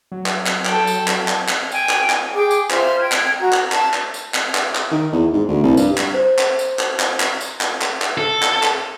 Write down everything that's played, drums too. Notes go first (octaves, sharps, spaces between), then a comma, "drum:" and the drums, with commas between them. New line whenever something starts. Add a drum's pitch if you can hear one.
F#3
drum: clap
drum: clap
A4 G5, drum: clap
drum: tambourine
drum: clap
drum: clap
drum: clap
G5 G#5, drum: tambourine
drum: clap
drum: clap
G#4 G5 D6
drum: tambourine
F4 C5 E5 F6, drum: clap
G5 G#6
drum: clap
F#4 A#5
drum: clap
A5, drum: clap
drum: clap
drum: tambourine
drum: clap
drum: clap
drum: clap
D#3
E2
G#2
D2
C2
G2, drum: tambourine
drum: clap
C5
drum: clap
drum: tambourine
drum: clap
drum: clap
drum: clap
drum: tambourine
drum: clap
drum: clap
drum: clap
A4
drum: clap
drum: clap